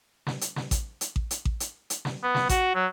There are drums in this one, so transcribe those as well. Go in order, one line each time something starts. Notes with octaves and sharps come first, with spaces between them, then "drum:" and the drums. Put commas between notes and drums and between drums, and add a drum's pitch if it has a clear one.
drum: snare
drum: hi-hat
drum: snare
drum: kick A1, hi-hat
drum: hi-hat
drum: kick A1
drum: hi-hat
drum: kick A1
drum: hi-hat
drum: hi-hat
drum: snare
B3
drum: snare
F#4, drum: kick A1, hi-hat
F#3